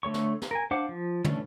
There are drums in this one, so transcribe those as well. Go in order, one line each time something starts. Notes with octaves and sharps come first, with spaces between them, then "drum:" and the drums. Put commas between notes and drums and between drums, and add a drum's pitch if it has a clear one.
D3 A3 C#5 C#6
drum: snare
drum: snare
A#4 G#5
D4 C5 F5 F#5 D6
F3
E3 A3 C#4 D4, drum: tom